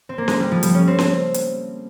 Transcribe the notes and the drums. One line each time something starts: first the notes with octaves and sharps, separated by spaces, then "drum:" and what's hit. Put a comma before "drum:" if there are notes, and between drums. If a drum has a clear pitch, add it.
C4
A#3
G#3, drum: snare C#4
G3
F3
G3, drum: hi-hat
C#4
C4
C4, drum: snare C#4
drum: hi-hat